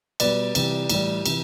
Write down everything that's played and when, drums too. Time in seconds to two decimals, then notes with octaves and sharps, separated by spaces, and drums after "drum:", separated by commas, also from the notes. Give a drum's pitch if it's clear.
0.20 B2 G3 B4 D5, drum: cymbal
0.55 C3 E3 G3, drum: cymbal
0.89 A2 E3 G3, drum: cymbal
1.26 C3 E3, drum: cymbal